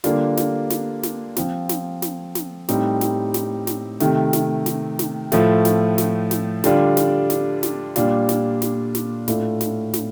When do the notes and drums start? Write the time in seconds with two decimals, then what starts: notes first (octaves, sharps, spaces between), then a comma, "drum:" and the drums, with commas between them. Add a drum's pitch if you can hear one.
0.04 D3 G3 A#3 D4 F4, drum: snare
0.37 drum: snare
0.70 drum: snare
1.03 drum: snare
1.36 F3 C4 F4, drum: snare
1.69 drum: snare
2.02 drum: snare
2.35 drum: snare
2.69 A2 G3 C4 D#4, drum: snare
3.01 drum: snare
3.34 drum: snare
3.67 drum: snare
4.00 C3 D#3 A3, drum: snare
4.33 drum: snare
4.66 drum: snare
4.99 drum: snare
5.32 A2 F3 A3, drum: snare
5.65 drum: snare
5.98 drum: snare
6.31 drum: snare
6.64 D3 G3 D4 F4, drum: snare
6.97 drum: snare
7.30 drum: snare
7.63 drum: snare
7.96 A#2 G3 D4 F4, drum: snare
8.29 drum: snare
8.62 drum: snare
8.95 drum: snare
9.28 A2 A3 D4 F4, drum: snare
9.61 drum: snare
9.94 drum: snare